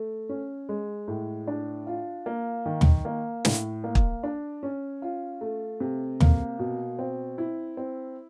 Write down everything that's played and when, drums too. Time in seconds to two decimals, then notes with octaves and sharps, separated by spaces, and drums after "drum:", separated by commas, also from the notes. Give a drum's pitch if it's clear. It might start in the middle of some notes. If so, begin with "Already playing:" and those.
Already playing: A3
0.29 C#4
0.69 G#3
1.08 A2
1.47 D4
1.87 F4
2.26 A#3
2.66 D#3
2.81 drum: tom
3.05 A#3
3.45 A2, drum: snare
3.84 A#3
3.95 drum: kick
4.23 D4
4.63 C#4
5.02 F4
5.41 A3
5.80 C3
6.20 A#3, drum: tom
6.59 B2
6.99 C4
7.38 E4
7.77 C4